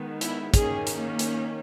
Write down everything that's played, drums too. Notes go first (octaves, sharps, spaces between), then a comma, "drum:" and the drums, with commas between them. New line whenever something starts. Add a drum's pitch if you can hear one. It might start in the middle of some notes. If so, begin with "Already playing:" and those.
Already playing: D#3 G#3 B3
E4, drum: hi-hat
D#3 A#3 C#4 G#4, drum: kick, hi-hat
drum: hi-hat
drum: hi-hat